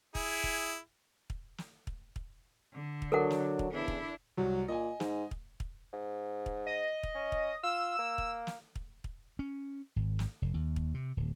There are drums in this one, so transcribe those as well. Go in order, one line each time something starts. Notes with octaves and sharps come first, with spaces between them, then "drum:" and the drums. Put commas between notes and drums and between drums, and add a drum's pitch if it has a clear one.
E4 G#4, drum: kick
drum: kick
drum: kick
drum: snare
drum: kick
drum: kick
D3
drum: kick
F#3 D4 A4 A#4 F#5
drum: snare
drum: kick
E2 C#3 D4 E4
drum: kick
C2 F#3
A#2 D#5 G#5
G#2, drum: snare
drum: kick
drum: kick
G#2
drum: kick
D#5
drum: kick
C#4
drum: kick
F4 E6
A#3
drum: kick
drum: snare
drum: kick
drum: kick
C#4
G#1
drum: snare
F1
D#2
drum: kick
C3
D1